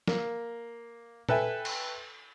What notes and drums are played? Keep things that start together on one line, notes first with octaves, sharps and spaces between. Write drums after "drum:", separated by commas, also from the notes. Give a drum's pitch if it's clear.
A#3, drum: snare
A4 B4 E5 G5 G#5, drum: tom A#2
drum: cymbal